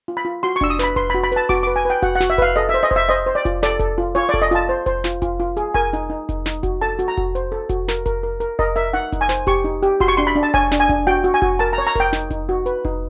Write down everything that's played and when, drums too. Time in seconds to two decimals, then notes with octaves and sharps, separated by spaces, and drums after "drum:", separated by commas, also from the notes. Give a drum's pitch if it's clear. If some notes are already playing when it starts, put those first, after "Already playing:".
0.08 F4
0.17 B5
0.25 F4
0.43 F#4 C6
0.56 C#6
0.61 D4 E6, drum: kick F1, hi-hat
0.70 D#6
0.79 B4 B5, drum: snare
0.96 B4 C6, drum: kick F1, hi-hat
1.10 B5
1.14 F#4
1.24 B5
1.32 B4 A5, drum: hi-hat
1.49 F#4 D6, drum: kick F1
1.63 B4 D6
1.76 G#5
1.85 B4 G5
2.02 F#4 F#5, drum: kick F1, hi-hat
2.15 F#5
2.20 F#4, drum: snare
2.30 E5
2.38 B4 F5, drum: kick F1, hi-hat
2.56 A4 D#5
2.69 E5
2.74 C5, drum: hi-hat
2.83 D#5
2.91 C5, drum: kick F1
2.96 E5
3.09 C5 D#5
3.26 C5
3.35 D5
3.45 F4, drum: kick F1, hi-hat
3.63 A4 D5, drum: snare
3.80 A4, drum: kick F1, hi-hat
3.98 F4
4.15 F4 C#5, drum: hi-hat
4.29 D5
4.34 A4, drum: kick F1
4.42 D#5
4.51 F4 A5, drum: hi-hat
4.69 C5
4.86 C5, drum: kick F1, hi-hat
5.04 F4, drum: snare
5.22 F4, drum: kick F1, hi-hat
5.40 F4
5.57 G#4, drum: hi-hat
5.74 A#4 G#5, drum: kick F1
5.93 D#4, drum: hi-hat
6.10 D#4
6.29 D#4, drum: kick F1, hi-hat
6.46 D#4, drum: snare
6.63 F#4, drum: kick F1, hi-hat
6.81 A4 A5
6.99 F#4, drum: hi-hat
7.08 A#5
7.17 F#4, drum: kick F1
7.35 C5, drum: hi-hat
7.52 A4
7.69 F#4, drum: kick F1, hi-hat
7.88 A#4, drum: snare
8.06 A#4, drum: kick F1, hi-hat
8.23 A#4
8.40 A#4, drum: hi-hat
8.59 A#4 D#5, drum: kick F1
8.76 A#4 E5, drum: hi-hat
8.93 D#4 F#5
9.12 D#4, drum: kick F1, hi-hat
9.21 G#5
9.29 C5, drum: snare
9.47 G4 C#6, drum: kick F1, hi-hat
9.64 D#4
9.83 G4, drum: hi-hat
10.00 F#4 C6, drum: kick F1
10.08 C#6
10.17 D4 C6, drum: hi-hat
10.27 B5
10.35 D4
10.43 A5
10.54 C#5 G#5, drum: kick F1, hi-hat
10.71 D4, drum: snare
10.80 G#5
10.89 D4, drum: kick F1, hi-hat
11.07 F#4 G5
11.24 F#4, drum: hi-hat
11.34 G#5
11.42 F#4, drum: kick F1
11.59 A#4 A5, drum: hi-hat
11.73 A#5
11.78 C#5
11.87 A#5
11.95 A#4 G5, drum: kick F1, hi-hat
12.13 D#4, drum: snare
12.31 D#4, drum: kick F1, hi-hat
12.49 F#4
12.66 B4, drum: hi-hat
12.85 D#4, drum: kick F1